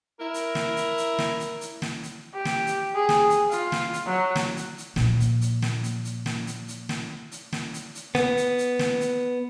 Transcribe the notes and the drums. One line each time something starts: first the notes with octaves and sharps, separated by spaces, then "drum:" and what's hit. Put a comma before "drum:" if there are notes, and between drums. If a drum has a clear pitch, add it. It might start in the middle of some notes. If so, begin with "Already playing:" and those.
E4 A#4
drum: hi-hat
drum: snare
drum: hi-hat
drum: hi-hat
drum: snare
drum: hi-hat
drum: hi-hat
drum: snare
drum: hi-hat
G4
drum: snare
drum: hi-hat
G#4
drum: snare
drum: hi-hat
F4, drum: hi-hat
drum: snare
drum: hi-hat
F#3
drum: snare
drum: hi-hat
drum: hi-hat
A#2 F3, drum: snare
drum: hi-hat
drum: hi-hat
drum: snare
drum: hi-hat
drum: hi-hat
drum: snare
drum: hi-hat
drum: hi-hat
drum: snare
drum: hi-hat
drum: snare
drum: hi-hat
drum: hi-hat
B3, drum: snare
drum: hi-hat
drum: hi-hat
drum: snare
drum: hi-hat